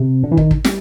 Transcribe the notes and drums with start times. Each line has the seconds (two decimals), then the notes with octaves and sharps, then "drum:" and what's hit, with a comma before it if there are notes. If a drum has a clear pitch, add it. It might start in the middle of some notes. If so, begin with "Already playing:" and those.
Already playing: C3
0.23 D3
0.31 E3
0.37 D#3, drum: kick
0.51 drum: kick
0.64 G3, drum: snare